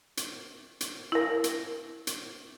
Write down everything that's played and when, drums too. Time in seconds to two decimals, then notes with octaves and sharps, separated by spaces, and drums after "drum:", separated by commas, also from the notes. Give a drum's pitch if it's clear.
0.17 drum: hi-hat
0.81 drum: hi-hat
1.12 E4 A#4
1.44 drum: hi-hat
2.07 drum: hi-hat